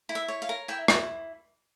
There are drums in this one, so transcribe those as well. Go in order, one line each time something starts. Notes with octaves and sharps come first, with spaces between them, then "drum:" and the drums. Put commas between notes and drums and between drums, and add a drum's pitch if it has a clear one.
E4
E5
C#5
F5
A#4
E4 E5 G5
E4, drum: rim click